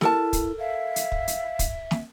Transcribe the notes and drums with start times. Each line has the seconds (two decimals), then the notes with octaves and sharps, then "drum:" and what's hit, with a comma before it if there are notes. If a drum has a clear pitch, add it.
0.01 E4 A4 A#4 A5, drum: snare
0.33 drum: kick, hi-hat
0.60 E5 F5
0.96 drum: hi-hat
1.12 drum: kick
1.28 drum: hi-hat
1.59 drum: kick, hi-hat
1.91 drum: snare